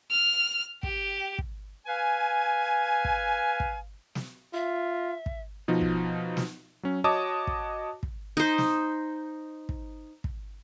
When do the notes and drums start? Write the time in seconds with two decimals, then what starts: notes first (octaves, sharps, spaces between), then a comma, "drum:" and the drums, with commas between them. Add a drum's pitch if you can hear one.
0.11 F6
0.83 G4, drum: kick
1.39 drum: kick
1.86 B4 F5 G#5
3.05 drum: kick
3.60 drum: kick
4.15 drum: snare
4.54 F4 E5
5.26 drum: kick
5.68 B2 F3 D#4
5.81 drum: kick
6.37 drum: snare
6.83 F#3 C#4
7.04 F#4 C#5 D#5 A5 D6 D#6
7.47 drum: kick
8.03 drum: kick
8.37 D#4 C5
8.58 drum: snare
9.69 drum: kick
10.24 drum: kick